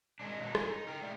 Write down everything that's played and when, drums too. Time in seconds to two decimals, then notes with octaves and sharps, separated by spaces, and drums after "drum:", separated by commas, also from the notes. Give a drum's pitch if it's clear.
0.20 D#3 G#3 D4
0.41 B2 D#3 F#3 A#3
0.55 G2 E3 G#4 G#5, drum: rim click
0.70 D#4
0.87 A#4 G5
1.02 A3 D#4 G#4 D5